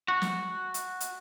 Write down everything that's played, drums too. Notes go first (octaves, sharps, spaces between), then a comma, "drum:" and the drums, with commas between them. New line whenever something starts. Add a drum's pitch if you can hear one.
F#4
drum: snare
drum: hi-hat
drum: hi-hat